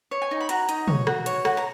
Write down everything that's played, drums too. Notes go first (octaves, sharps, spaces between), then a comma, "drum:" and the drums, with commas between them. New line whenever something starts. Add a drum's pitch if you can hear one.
C#5
G#5
D#4
B5
F#4 A#5, drum: hi-hat
D#4, drum: hi-hat
C#5, drum: tom
F#4, drum: rim click
C#5, drum: hi-hat
F#4, drum: rim click
A#5